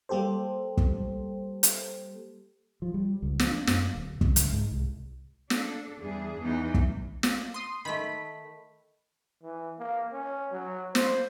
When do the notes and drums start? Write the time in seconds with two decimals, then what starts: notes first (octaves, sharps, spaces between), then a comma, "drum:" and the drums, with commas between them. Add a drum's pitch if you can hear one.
0.09 G3 A#3 G4 A4 C5
0.77 drum: kick
1.63 drum: hi-hat
2.82 F3
2.94 G3
3.22 C#2
3.39 F3, drum: snare
3.51 D4
3.67 F#2, drum: snare
3.95 D1
4.21 C#2, drum: kick
4.36 C#2, drum: hi-hat
4.52 G#2
4.71 C2
5.50 D4 A4, drum: snare
5.99 E2 G3 D4 G#4
6.41 E2 B3 D#4
6.74 drum: kick
7.23 drum: snare
7.54 C6 D#6
7.85 D#3 A3 B5 B6
9.43 E3
9.79 A#3
10.12 C#4
10.52 F#3
10.95 C5, drum: snare